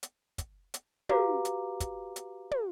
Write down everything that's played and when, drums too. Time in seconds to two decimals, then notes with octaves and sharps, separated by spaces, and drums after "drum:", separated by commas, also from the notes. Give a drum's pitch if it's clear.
0.03 drum: hi-hat
0.38 drum: kick, hi-hat
0.74 drum: hi-hat
1.09 F#4 G4 B4 F5 A#5 D6, drum: tom
1.45 drum: hi-hat
1.80 drum: kick, hi-hat
2.16 drum: hi-hat
2.51 drum: tom